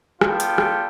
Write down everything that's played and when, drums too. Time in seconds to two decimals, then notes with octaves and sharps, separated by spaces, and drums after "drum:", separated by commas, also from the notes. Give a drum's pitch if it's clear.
0.21 G3 B3 F4 A4 F5 G5, drum: rim click
0.40 drum: hi-hat
0.58 drum: rim click